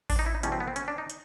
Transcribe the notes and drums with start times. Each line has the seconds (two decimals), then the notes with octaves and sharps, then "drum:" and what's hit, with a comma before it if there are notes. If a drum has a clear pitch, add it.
0.10 D4, drum: kick A1, open hi-hat
0.19 D#4
0.26 E4
0.35 D#4
0.43 E2 B2 G3 C#4, drum: hi-hat
0.52 C4
0.60 B3
0.68 C4
0.76 C#4, drum: hi-hat
0.88 D4
0.98 D#4
1.10 drum: hi-hat